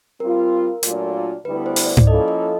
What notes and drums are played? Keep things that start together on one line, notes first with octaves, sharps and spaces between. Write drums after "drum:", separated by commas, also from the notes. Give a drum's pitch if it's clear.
G3 C4 F4 A#4
A#2 F#3 A3 D4 F4, drum: hi-hat
D2 D3 G3 B3 E4 B4
C5
drum: open hi-hat
D5
drum: tom G#2
F3 A#3 C#4 E4 A4 D#5
D#5